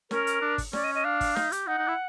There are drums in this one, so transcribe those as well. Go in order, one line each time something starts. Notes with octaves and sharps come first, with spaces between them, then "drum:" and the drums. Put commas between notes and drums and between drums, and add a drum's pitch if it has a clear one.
C#4 A#4, drum: snare
drum: hi-hat
D4
drum: kick, open hi-hat
C#4 D5, drum: snare
D#5
D#5
D4 F5
drum: kick, open hi-hat
D#4, drum: snare
G4, drum: hi-hat
D#4 F#5
D#4
E4